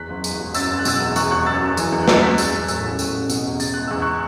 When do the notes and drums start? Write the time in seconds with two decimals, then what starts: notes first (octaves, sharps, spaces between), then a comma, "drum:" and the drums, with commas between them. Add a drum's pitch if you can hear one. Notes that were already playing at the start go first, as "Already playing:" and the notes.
Already playing: E2 F#6 B6
0.09 F#1
0.24 E2, drum: tambourine
0.40 E1
0.54 F#2 E6 A6, drum: tambourine
0.70 F#1 A6
0.79 F#6
0.85 B2 E6 A6, drum: tambourine
1.01 E2
1.16 E2 C#6 F#6, drum: tambourine
1.31 E1 C#6 F#6
1.46 F#2 E6 A6
1.61 F#1
1.77 E3, drum: tambourine
1.92 E2
2.03 F#6
2.08 F#3 E6 A6, drum: snare
2.22 F#2 F#6 B6
2.34 F#6
2.38 E2 E6 A6, drum: tambourine
2.53 E1
2.68 A2 E6 A6, drum: tambourine
2.84 A1
2.99 A2, drum: tambourine
3.15 A1
3.30 B2, drum: tambourine
3.45 E2
3.60 C#3 A6, drum: tambourine
3.74 C#2 F#6
3.87 E2 E6
4.02 C#6 F#6